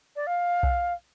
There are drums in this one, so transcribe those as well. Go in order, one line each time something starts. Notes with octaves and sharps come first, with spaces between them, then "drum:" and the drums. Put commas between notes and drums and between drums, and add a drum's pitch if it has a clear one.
D5
F5
drum: kick B1